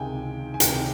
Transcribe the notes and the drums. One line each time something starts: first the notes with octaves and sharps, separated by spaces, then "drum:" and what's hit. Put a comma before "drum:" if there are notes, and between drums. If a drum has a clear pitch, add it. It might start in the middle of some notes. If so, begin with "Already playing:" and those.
Already playing: C#2 C3 D#3 G#3 G5 G#5
G#5
C#2 C3 D#3 G#3 G5, drum: hi-hat